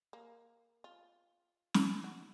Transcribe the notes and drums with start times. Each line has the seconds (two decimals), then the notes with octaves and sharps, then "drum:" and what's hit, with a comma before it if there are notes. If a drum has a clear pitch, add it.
0.13 A#3
0.84 F4
1.74 drum: snare
2.04 F#4